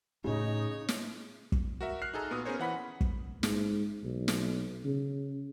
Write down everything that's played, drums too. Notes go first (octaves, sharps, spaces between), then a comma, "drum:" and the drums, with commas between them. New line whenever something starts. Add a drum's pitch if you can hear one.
A2 C#3 A3 D#4 C#5
drum: snare
drum: kick
F#4 A#4 E5
F6 F#6 C7
D#4 G#4 A4 A#5
A#2 B3 F#4 D#6
B3 C#4 G#4 A#4 C5 C#5
E3 F#5 B5 B6
drum: kick
G#2, drum: snare
B1
drum: snare
C#3